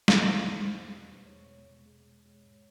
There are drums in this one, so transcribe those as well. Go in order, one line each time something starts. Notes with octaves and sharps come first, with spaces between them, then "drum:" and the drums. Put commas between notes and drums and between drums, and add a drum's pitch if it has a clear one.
E2 B4, drum: snare
B2 C5
B2 C5
B2
G3
E2
G#3 C#5
B2
B2
G#3
G#3
G#3
G#2